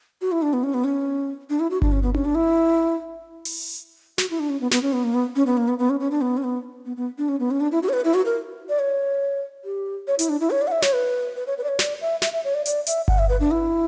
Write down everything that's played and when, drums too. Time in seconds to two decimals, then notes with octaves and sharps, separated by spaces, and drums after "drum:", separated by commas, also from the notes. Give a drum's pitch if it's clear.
0.21 F#4
0.32 E4
0.42 D4
0.53 B3
0.64 C#4
0.74 B3
0.84 C#4
1.50 D4
1.60 E4
1.70 F#4
1.82 D4, drum: kick G1
1.92 C#4
2.03 B3
2.15 C#4, drum: tom D4
2.25 D4
2.35 E4
3.45 drum: open hi-hat
4.18 F#4, drum: snare
4.30 E4
4.40 D4
4.50 C#4
4.61 B3
4.71 B3, drum: snare
4.83 C#4
4.93 B3
5.04 A#3
5.14 B3
5.36 C#4
5.47 B3
5.57 A#3
5.68 B3
5.79 B3
5.90 C#4
6.00 C#4
6.11 D4
6.21 B3
6.37 C#4
6.43 B3
6.85 B3
6.97 B3
7.18 D4
7.29 C#4
7.40 B3
7.51 C#4
7.60 D4
7.72 E4
7.83 F#4
7.89 C#5
7.93 B4
8.04 E4
8.14 F#4
8.25 A#4
8.69 D5
8.79 C#5
9.65 G4
10.08 C#5
10.19 E4, drum: hi-hat
10.29 D4
10.41 E4
10.51 C#5
10.62 D5
10.67 F#5
10.72 E5
10.82 C#5, drum: snare
10.93 B4
11.36 B4
11.47 C#5
11.58 B4
11.64 D5
11.68 C#5
11.79 D5, drum: snare
12.01 E5
12.22 E5, drum: snare
12.33 E5
12.44 C#5
12.55 D5
12.66 D5, drum: hi-hat
12.87 E5, drum: hi-hat
13.08 F#5, drum: kick G1
13.18 E5
13.29 B4
13.40 D4
13.51 E4